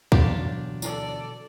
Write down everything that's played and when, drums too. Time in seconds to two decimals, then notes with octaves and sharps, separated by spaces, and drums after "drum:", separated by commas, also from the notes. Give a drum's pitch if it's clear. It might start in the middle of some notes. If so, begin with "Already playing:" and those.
0.12 D2 B2 E3 F#3 D4 F4 G4, drum: kick
0.82 A4 D5, drum: tambourine